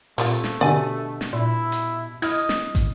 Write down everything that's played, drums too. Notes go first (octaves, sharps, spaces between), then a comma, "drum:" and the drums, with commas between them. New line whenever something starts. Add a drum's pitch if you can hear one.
A#2 G3 A3 C4 F4, drum: open hi-hat
drum: snare
B2 D3 D4 G4 D5 G#5
drum: snare
A#2 E4
drum: hi-hat
E4 D#5 F6 G#6, drum: open hi-hat
drum: snare
drum: kick, hi-hat